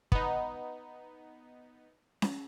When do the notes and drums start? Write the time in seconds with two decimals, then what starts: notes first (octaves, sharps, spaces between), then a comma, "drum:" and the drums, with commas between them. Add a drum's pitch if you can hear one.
0.12 B3 D#4, drum: kick
2.22 drum: snare C#4